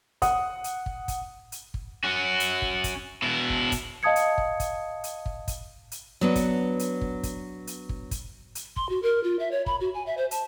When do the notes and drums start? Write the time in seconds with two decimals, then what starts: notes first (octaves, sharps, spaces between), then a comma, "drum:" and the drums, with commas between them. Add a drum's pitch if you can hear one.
0.22 F#5 D#6, drum: kick, hi-hat
0.64 drum: hi-hat
0.86 drum: kick
1.08 drum: kick, hi-hat
1.52 drum: hi-hat
1.74 drum: kick
2.04 C#4 F#4
2.40 drum: hi-hat
2.62 drum: kick
2.84 drum: kick, hi-hat
3.22 B2 E4
3.50 drum: kick
3.72 drum: kick, hi-hat
4.03 D#5 F5 A5 D#6 G#6 C#7
4.16 drum: hi-hat
4.38 drum: kick
4.60 drum: kick, hi-hat
5.04 drum: hi-hat
5.26 drum: kick
5.48 drum: kick, hi-hat
5.92 drum: hi-hat
6.21 F#3 B3 D4
6.35 drum: kick, hi-hat
6.79 drum: hi-hat
7.01 drum: kick
7.23 drum: kick, hi-hat
7.67 drum: hi-hat
7.89 drum: kick
8.11 drum: kick, hi-hat
8.55 drum: hi-hat
8.76 C6, drum: kick
8.89 F#4
9.03 A#4
9.24 F4
9.39 E5
9.51 C#5
9.66 B5, drum: kick
9.81 F#4
9.94 G#5
10.06 E5
10.17 C5
10.31 A5, drum: hi-hat